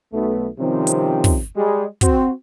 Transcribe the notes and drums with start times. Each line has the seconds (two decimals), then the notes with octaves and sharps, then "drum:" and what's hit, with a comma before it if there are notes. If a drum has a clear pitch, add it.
0.13 B1 A3 B3
0.59 C3 D#3 F3 G3 C4 C#4
0.87 drum: hi-hat
1.24 drum: kick, open hi-hat
1.55 G3 G#3
2.01 C4 F#4, drum: kick, hi-hat